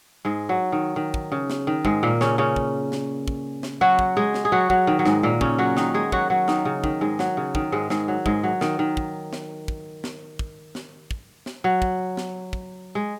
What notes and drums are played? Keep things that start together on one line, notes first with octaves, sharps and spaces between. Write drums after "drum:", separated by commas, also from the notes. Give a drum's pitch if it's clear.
G#2 G#3
F#3
D#3
D#3
drum: kick
C#3
drum: snare
D#3
G#2 G#3, drum: kick
A#2 A#3
C#3 C#4, drum: snare
C#3 C#4
drum: kick
drum: snare
drum: kick
drum: snare
F#3 F#4
drum: kick
G#3 G#4
drum: snare
G#4
F#3 F#4
F#3, drum: kick
D#3
F#3
G#2 G#3, drum: snare
A#2 A#3
C#3 C#4, drum: kick
F#3 F#4
D#3 D#4, drum: snare
G#3 G#4
F#3 F#4, drum: kick
F#3 F#4
D#3 D#4, drum: snare
C#3
D#3, drum: kick
G#2 G#3
F#3, drum: snare
C#3
D#3, drum: kick
G#2 G#3
G#2 G#3, drum: snare
F#3
G#2 G#3, drum: kick
F#3
D#3, drum: snare
D#3
drum: kick
drum: snare
drum: kick
drum: snare
drum: kick
drum: snare
drum: kick
drum: snare
F#3
drum: kick
drum: snare
drum: kick
G#3